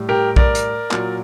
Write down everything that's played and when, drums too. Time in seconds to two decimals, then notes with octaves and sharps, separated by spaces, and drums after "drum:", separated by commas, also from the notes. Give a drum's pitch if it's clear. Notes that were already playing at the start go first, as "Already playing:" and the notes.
Already playing: A2 G3
0.09 G4 A#4
0.36 A#4 D5, drum: kick A#1
0.55 drum: hi-hat
0.91 A#2 F#3, drum: clap